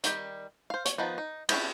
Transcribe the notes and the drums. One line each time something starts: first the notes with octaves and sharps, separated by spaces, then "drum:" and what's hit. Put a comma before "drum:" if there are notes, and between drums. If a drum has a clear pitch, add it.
D#3 G3 G4, drum: hi-hat
C5 F5
C#5, drum: hi-hat
D#3 F3 B3 D#4
D#4
C#4 D4 E4 G4, drum: cymbal